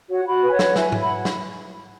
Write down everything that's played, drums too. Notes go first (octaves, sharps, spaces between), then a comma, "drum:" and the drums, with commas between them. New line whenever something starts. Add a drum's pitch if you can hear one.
F#4 C#5 F#5
F#4 F#5 B5
B4 G#5
C#5 F#5
B4, drum: snare
E4 E5 G#5, drum: snare
E4, drum: tom G#2
F#5 B5
drum: snare